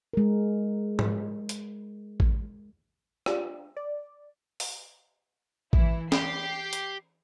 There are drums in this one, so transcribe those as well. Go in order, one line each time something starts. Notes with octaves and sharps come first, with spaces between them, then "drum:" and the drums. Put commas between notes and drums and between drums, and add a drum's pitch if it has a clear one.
G#3 A#4
drum: tom G#2
drum: hi-hat
drum: kick A1
D4 F4 G4, drum: rim click
D5
drum: open hi-hat
E3 E4, drum: kick A1
G4 C7, drum: snare
drum: hi-hat